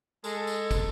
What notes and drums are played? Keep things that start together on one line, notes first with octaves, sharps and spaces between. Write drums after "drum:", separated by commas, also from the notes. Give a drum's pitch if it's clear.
G#3 A4, drum: tambourine
drum: tambourine
drum: kick, tambourine